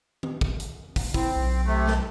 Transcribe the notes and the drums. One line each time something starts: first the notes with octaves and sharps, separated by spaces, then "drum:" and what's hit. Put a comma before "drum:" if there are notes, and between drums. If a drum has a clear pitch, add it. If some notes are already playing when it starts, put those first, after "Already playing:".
drum: tom D#3
drum: kick
drum: hi-hat
drum: kick, open hi-hat
C4 E4, drum: kick
B1
C3 A3
drum: snare